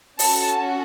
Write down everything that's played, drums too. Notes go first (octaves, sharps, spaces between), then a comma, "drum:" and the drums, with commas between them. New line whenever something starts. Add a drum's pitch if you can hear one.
C#4 F#4 A4 A5, drum: open hi-hat